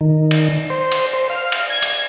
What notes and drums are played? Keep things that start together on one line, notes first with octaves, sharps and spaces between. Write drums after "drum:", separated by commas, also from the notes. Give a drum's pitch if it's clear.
D#3
drum: cymbal
C5
drum: cymbal
C5
F5
drum: cymbal
G#6
drum: cymbal